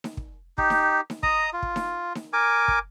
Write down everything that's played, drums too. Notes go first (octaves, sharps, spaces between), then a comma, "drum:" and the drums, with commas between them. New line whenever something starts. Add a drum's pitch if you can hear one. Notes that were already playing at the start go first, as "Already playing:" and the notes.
drum: snare D#4
drum: kick
D#4 G4, drum: kick
drum: snare D#4
drum: snare D#4
D#5 A#5 D#6, drum: kick
F4
drum: kick
drum: snare D#4
drum: snare D#4
A#4 G#5 D6
drum: kick